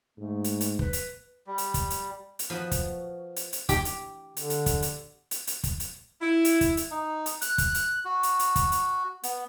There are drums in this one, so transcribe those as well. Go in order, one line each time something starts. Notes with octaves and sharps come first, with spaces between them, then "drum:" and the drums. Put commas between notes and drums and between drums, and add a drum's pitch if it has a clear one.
G#2 A3
drum: hi-hat
drum: hi-hat
B4, drum: kick
drum: hi-hat
G3
drum: hi-hat
drum: kick, hi-hat
drum: hi-hat
drum: hi-hat
F3 B3 F#4
drum: kick, hi-hat
drum: hi-hat
drum: hi-hat
G4, drum: kick, hi-hat
drum: hi-hat
D3, drum: hi-hat
drum: hi-hat
drum: kick, hi-hat
drum: hi-hat
drum: hi-hat
drum: hi-hat
drum: kick, hi-hat
drum: hi-hat
E4
drum: hi-hat
drum: kick, hi-hat
drum: hi-hat
D#4
drum: hi-hat
F#6, drum: hi-hat
drum: kick, hi-hat
drum: hi-hat
F#4
drum: hi-hat
drum: hi-hat
drum: kick, hi-hat
drum: hi-hat
B3, drum: hi-hat